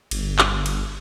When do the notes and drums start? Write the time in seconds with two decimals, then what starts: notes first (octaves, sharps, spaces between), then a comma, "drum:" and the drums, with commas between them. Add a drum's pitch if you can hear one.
0.11 G1, drum: cymbal
0.39 drum: clap
0.66 drum: cymbal